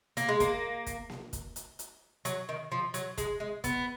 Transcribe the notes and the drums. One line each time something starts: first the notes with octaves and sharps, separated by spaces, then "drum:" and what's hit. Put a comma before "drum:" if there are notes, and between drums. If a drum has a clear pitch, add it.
A#3, drum: hi-hat
G#3
A#3, drum: kick, hi-hat
drum: kick, hi-hat
drum: snare A#3
drum: kick, hi-hat
drum: hi-hat
drum: hi-hat
F#3, drum: hi-hat
D#3
F3
F#3, drum: hi-hat
G#3, drum: kick, hi-hat
G#3
B3, drum: kick, hi-hat